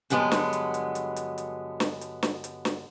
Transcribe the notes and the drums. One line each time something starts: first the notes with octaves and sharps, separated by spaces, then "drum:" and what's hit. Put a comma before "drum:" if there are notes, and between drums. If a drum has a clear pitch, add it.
G2 D3 F#3 G#3 B3, drum: hi-hat
drum: snare
drum: hi-hat
drum: hi-hat
drum: hi-hat
drum: hi-hat
drum: hi-hat
drum: snare
drum: hi-hat
drum: snare
drum: hi-hat
drum: snare